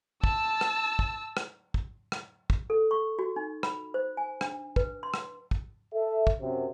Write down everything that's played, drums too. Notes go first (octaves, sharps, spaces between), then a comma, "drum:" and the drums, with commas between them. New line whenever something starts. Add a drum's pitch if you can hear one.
A5 E6, drum: kick
drum: rim click
drum: kick
drum: rim click
drum: kick
drum: rim click
drum: kick
A4
C#6
F#4
D#4
B5, drum: rim click
C5
G#5
D4, drum: rim click
B4, drum: kick
C6
drum: rim click
drum: kick
A4 E5
drum: kick
F#2 C3